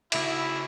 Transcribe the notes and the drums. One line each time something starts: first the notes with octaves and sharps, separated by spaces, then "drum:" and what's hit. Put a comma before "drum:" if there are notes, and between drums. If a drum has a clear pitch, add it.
C#3 A3 E4 F#4 A4 E5, drum: cymbal